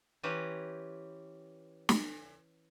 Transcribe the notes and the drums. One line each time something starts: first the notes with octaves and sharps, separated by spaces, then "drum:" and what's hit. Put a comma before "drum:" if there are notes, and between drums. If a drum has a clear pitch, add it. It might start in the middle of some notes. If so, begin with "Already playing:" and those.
E3 C#4 G4 B4 C5 A#5
drum: snare